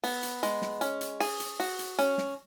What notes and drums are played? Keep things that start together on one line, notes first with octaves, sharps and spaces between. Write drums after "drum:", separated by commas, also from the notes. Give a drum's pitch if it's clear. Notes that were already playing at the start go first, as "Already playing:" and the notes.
B3, drum: open hi-hat
drum: hi-hat
G#3, drum: hi-hat
drum: snare
C#4, drum: hi-hat
drum: hi-hat
G#4, drum: open hi-hat
drum: hi-hat
F#4, drum: open hi-hat
drum: hi-hat
C#4, drum: hi-hat
drum: snare